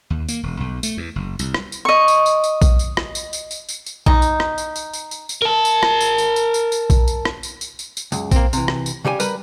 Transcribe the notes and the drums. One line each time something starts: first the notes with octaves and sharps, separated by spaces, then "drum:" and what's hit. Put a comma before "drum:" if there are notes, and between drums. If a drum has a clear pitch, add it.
D#2
A#3, drum: tambourine
E1
B1
A3, drum: tambourine
E2
F#1
C2, drum: tambourine
drum: rim click
drum: tambourine
D#5 C#6
drum: tambourine
drum: tambourine
drum: tambourine
drum: kick A#1, tambourine
drum: tambourine
drum: rim click
drum: tambourine
drum: tambourine
drum: tambourine
drum: tambourine
drum: tambourine
D#4, drum: kick A#1
drum: tambourine
drum: rim click
drum: tambourine
drum: tambourine
drum: tambourine
drum: tambourine
drum: tambourine
A#4 A5
drum: tambourine
drum: rim click
drum: tambourine
drum: tambourine
drum: tambourine
drum: tambourine
drum: tambourine
drum: kick A#1, tambourine
drum: tambourine
drum: rim click
drum: tambourine
drum: tambourine
drum: tambourine
drum: tambourine
C#2 F#2, drum: tambourine
A#3 C4, drum: kick A#1, tambourine
C3 E3, drum: tambourine
drum: rim click
drum: tambourine
C#3 G3 G4 G#5
G3 A#4 B4, drum: tambourine